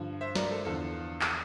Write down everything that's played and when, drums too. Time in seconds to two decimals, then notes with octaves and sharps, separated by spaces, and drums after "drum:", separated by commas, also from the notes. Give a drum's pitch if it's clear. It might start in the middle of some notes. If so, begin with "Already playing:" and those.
Already playing: G2 D3 F3
0.21 C5 E5
0.35 A#4 D5, drum: snare
0.50 A4 C5
0.65 E2 D3 F3 F4 A4
1.21 drum: clap